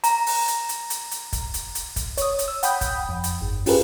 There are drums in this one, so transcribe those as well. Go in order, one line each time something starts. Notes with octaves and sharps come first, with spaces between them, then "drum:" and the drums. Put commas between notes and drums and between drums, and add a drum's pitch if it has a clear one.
A#5, drum: hi-hat
drum: open hi-hat
drum: hi-hat
drum: hi-hat
drum: hi-hat
drum: hi-hat
drum: kick, hi-hat
drum: hi-hat
drum: hi-hat
drum: kick, hi-hat
C#5 D#6, drum: hi-hat
drum: hi-hat
E6
F#5 G5 B5 D#6 G6, drum: hi-hat
drum: kick, hi-hat
F2
drum: hi-hat
G1
C#4 F4 G4 G#4 A#4 B4, drum: open hi-hat